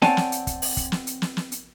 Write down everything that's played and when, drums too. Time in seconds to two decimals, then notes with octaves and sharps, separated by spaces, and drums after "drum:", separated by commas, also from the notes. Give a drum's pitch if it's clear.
0.02 C4 C#5 D5 F#5 G#5 A5, drum: snare
0.17 drum: snare
0.32 drum: hi-hat
0.47 drum: kick, hi-hat
0.62 drum: open hi-hat
0.77 drum: kick, hi-hat
0.92 drum: snare
1.07 drum: hi-hat
1.22 drum: snare
1.37 drum: snare
1.52 drum: hi-hat